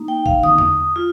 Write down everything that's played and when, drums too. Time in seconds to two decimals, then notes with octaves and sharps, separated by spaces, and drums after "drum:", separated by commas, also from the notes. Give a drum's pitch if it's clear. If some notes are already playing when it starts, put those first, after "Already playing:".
Already playing: A#3 D#4
0.08 G5
0.26 F5, drum: kick A#1
0.43 D#6, drum: tom
0.58 drum: tom E2
0.96 F4